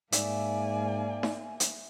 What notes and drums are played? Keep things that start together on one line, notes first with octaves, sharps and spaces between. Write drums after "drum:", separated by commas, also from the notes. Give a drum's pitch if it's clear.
G#2 A#3 D5 E5 G#5, drum: hi-hat
drum: snare D#4
drum: hi-hat